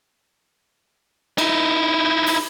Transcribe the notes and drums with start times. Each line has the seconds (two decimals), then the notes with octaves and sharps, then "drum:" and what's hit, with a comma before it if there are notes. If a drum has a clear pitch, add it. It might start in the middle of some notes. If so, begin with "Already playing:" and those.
1.38 D#4 E4, drum: cymbal
2.26 drum: open hi-hat